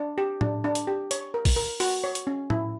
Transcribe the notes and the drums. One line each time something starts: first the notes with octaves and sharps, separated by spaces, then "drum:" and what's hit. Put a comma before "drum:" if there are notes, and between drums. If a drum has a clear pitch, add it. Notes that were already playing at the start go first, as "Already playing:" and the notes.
Already playing: D4
G4
D4, drum: tom A2
D4
drum: hi-hat
G4
C#5, drum: hi-hat
A#4
drum: kick, open hi-hat
A#4
F#4, drum: open hi-hat
C#5
drum: hi-hat
C#4
E4, drum: tom A2